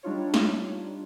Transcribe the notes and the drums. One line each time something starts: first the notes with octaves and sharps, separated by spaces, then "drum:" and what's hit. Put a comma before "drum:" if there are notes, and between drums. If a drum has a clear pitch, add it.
G3 D4 D#4 F4 C#5
drum: snare